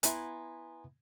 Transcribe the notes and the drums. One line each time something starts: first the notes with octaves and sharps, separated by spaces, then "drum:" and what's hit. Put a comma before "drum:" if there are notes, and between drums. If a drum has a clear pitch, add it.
B3 E4 G#5 A#5 C6, drum: hi-hat